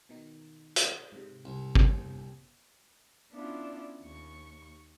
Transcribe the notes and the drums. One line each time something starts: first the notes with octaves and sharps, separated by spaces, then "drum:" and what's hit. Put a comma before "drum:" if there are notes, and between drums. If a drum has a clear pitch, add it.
B2 D#3 D#4
drum: hi-hat
G#2 C3
C2
G5 G#5, drum: kick
B3 C#4 D4 E4 F4
D#2 C#6